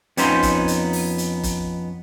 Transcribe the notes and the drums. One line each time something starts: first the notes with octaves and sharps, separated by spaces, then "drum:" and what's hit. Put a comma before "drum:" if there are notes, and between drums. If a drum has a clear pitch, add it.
F2 B3 C#4 D#4 C5 C6, drum: hi-hat
drum: kick, hi-hat
drum: hi-hat
drum: open hi-hat
drum: hi-hat
drum: kick, hi-hat